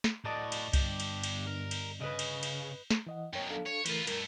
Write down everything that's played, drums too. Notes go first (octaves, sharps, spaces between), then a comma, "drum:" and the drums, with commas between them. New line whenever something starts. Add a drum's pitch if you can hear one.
drum: snare
A2 F#4 D5 D#5 A5
drum: cymbal
G1 D4 G4, drum: kick C2, cymbal
drum: cymbal
drum: cymbal
A#4
drum: cymbal
C#3 B4 D#5
drum: cymbal
drum: cymbal
drum: snare
E3 D#5 F#5
F#2 B2 C#5 G5
D4 A4 F5
C#5
E3 A3 F4 A#4 B4, drum: cymbal
G2 A3 A#4, drum: cymbal